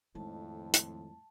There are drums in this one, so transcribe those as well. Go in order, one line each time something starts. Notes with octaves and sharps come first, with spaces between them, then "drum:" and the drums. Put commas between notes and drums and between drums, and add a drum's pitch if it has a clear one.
F2 A2 D#3 G#3 A5
drum: hi-hat